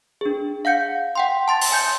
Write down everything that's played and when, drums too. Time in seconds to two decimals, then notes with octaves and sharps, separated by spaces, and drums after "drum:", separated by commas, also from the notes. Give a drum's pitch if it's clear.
0.21 D4 G#4
0.65 F5 F#5 G6 C#7
1.16 F#5 G5 C6
1.48 A5 C6 A6
1.61 drum: open hi-hat
1.72 G#5 G6